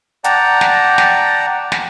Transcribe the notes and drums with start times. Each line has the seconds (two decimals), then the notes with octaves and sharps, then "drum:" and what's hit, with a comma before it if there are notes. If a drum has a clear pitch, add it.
0.24 D5 F#5 G5 A5 A#5, drum: hi-hat
0.61 drum: snare
0.98 drum: snare
1.72 drum: snare